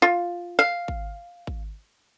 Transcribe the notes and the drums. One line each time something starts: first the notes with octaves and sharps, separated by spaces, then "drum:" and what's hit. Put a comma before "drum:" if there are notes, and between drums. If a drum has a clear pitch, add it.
F4
F5
drum: kick G#1
drum: kick G#1